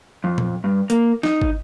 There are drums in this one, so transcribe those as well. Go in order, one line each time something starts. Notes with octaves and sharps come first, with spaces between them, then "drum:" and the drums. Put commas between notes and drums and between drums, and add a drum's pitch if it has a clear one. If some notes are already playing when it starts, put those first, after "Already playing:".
F2
drum: tom A#2
G2
A#3, drum: hi-hat
D#4, drum: snare
drum: kick